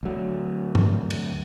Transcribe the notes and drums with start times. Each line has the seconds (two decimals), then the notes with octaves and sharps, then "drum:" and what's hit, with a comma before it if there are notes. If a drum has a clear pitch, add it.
0.03 D2 F#3
0.75 drum: tom
1.10 drum: cymbal